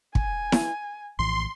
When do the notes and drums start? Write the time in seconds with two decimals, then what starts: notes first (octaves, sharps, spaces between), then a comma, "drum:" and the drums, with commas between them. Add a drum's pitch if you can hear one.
0.15 G#5, drum: kick
0.52 drum: snare E4
1.19 A#1 A2 E3 C6